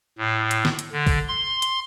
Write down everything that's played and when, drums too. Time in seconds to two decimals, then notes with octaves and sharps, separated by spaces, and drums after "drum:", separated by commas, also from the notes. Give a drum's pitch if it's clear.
0.18 A2
0.51 drum: hi-hat
0.65 drum: snare
0.79 drum: hi-hat
0.93 D3
1.07 drum: kick, open hi-hat
1.28 C6
1.62 drum: hi-hat